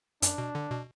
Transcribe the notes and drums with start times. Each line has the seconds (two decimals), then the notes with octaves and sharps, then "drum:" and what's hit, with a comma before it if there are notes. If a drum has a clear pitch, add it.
0.22 F#2 D4, drum: hi-hat
0.38 B2
0.55 D3
0.71 B2